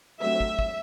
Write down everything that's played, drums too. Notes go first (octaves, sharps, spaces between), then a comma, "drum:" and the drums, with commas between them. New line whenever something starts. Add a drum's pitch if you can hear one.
D3 F#3 A3 C4 E5
drum: kick
drum: kick